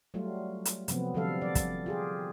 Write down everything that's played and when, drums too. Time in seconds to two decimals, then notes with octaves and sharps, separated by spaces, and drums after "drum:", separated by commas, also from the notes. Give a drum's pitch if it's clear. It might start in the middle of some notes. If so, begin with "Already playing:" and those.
0.14 F#3 G3 A3 F4
0.65 drum: hi-hat
0.88 C3 F3 F#3 B3 C4, drum: hi-hat
1.14 D3 F3 G3 A4 F5
1.41 D5
1.55 drum: kick, hi-hat
1.86 F4 G4 G#4